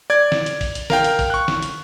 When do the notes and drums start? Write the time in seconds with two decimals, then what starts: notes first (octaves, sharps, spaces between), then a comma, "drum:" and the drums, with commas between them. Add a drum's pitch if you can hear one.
0.10 D5 G#6
0.32 drum: snare
0.46 drum: hi-hat
0.61 drum: kick, open hi-hat
0.75 drum: hi-hat
0.90 A#4 F5 G5, drum: snare
1.04 drum: hi-hat
1.19 drum: kick, open hi-hat
1.30 C#6 F#6
1.48 drum: snare
1.63 drum: hi-hat